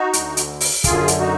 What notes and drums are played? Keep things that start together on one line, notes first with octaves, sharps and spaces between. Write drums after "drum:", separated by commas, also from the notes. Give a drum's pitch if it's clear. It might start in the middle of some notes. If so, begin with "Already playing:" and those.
Already playing: D#4 F#4
D2 D3, drum: hi-hat
drum: hi-hat
drum: open hi-hat
F#2 D3 F4 G#4, drum: kick, hi-hat
drum: hi-hat
D#4 F#4